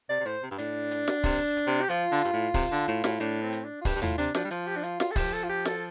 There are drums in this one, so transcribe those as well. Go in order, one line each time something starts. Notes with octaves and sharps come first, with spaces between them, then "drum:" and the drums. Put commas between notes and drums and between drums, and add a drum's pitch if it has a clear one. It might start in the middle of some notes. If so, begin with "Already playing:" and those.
C3 D5
C3
A2 C5
C3
G2
A2 D4, drum: hi-hat
drum: hi-hat
drum: snare
C3, drum: kick, open hi-hat
drum: hi-hat
C3
G4
F3 F4, drum: hi-hat
D3
G2, drum: hi-hat
A2
C3, drum: kick, open hi-hat
D3
A2, drum: hi-hat
A2, drum: snare
A2 D4, drum: hi-hat
C4
drum: hi-hat
D4
F4
G2 G4, drum: kick, open hi-hat
G2
A2 F4, drum: tom D#2
C3 D4, drum: hi-hat
F3 D4, drum: snare
G3
F3 F4, drum: hi-hat
G4
D4
F4, drum: hi-hat
F4, drum: snare
A4
F3 G4, drum: kick, open hi-hat
A4
F4
G4
A4, drum: snare